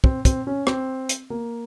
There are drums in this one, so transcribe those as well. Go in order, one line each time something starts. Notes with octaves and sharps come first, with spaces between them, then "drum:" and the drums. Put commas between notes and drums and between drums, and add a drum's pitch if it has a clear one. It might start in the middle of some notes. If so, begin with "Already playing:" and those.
C4, drum: kick
C4, drum: kick, hi-hat
C#4
C4, drum: rim click
drum: hi-hat
A#3